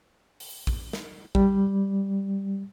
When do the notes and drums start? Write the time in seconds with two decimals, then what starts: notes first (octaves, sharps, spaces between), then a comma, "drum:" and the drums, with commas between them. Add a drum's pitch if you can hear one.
0.40 drum: open hi-hat
0.67 drum: kick A1
0.93 drum: snare
1.35 G3, drum: kick A1